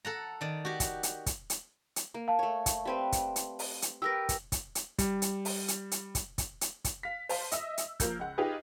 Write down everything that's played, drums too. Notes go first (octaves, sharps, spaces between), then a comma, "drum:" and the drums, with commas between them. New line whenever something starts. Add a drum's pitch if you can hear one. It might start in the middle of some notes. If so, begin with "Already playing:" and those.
A4 F#5 A#5
D#3 D5
F#4 G4
drum: kick, hi-hat
drum: hi-hat
drum: kick, hi-hat
drum: hi-hat
drum: hi-hat
A#3
F5 A5
A3 C#5
drum: kick, hi-hat
G3 C4 B4
drum: kick, hi-hat
drum: hi-hat
drum: open hi-hat
drum: hi-hat
G4 A#4 B4 E6 A#6
drum: kick, hi-hat
drum: kick, hi-hat
drum: hi-hat
G3, drum: kick, hi-hat
drum: hi-hat
drum: open hi-hat
drum: hi-hat
drum: hi-hat
drum: kick, hi-hat
drum: kick, hi-hat
drum: hi-hat
drum: kick, hi-hat
F5 B6
C5 F5 A5, drum: open hi-hat
D#5 E5 E6, drum: hi-hat
drum: hi-hat
F3 A#3 A#4 G6, drum: kick, hi-hat
C#2 F#5
D#4 F4 G4 G#4 B4 D#5